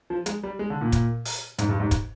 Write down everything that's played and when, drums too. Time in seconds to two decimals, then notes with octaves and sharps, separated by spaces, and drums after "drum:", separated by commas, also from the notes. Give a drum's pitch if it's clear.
0.10 F3
0.26 G#3, drum: hi-hat
0.43 G3
0.59 G#3
0.70 D3
0.81 A#2
0.92 drum: kick, hi-hat
1.25 drum: open hi-hat
1.58 G#2, drum: hi-hat
1.69 G2
1.80 G#2
1.91 drum: kick, hi-hat